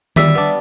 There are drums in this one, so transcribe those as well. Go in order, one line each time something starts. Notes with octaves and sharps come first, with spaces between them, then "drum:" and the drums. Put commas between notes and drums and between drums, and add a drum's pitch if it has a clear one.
G3 E5, drum: tom D#3
B3 D4